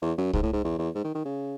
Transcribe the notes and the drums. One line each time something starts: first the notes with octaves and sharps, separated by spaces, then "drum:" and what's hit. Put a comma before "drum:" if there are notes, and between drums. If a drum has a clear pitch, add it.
E2
F#2
G#2, drum: kick C2
A2
G#2
E2
E2
G#2
D#3
D#3
C#3